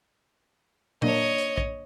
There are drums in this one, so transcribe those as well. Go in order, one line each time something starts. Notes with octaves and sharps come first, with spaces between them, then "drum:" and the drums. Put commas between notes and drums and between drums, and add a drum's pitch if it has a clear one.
A#3 D4 C#5 D#5, drum: tom A#2
drum: hi-hat
drum: kick A#1